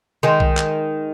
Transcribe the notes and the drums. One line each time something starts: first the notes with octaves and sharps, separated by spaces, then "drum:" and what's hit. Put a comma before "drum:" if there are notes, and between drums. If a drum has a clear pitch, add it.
D#3 G#3
drum: kick B1
drum: clap